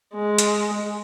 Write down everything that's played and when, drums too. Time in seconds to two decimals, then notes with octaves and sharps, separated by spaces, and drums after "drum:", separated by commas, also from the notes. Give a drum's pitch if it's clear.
0.14 G#3
0.38 drum: hi-hat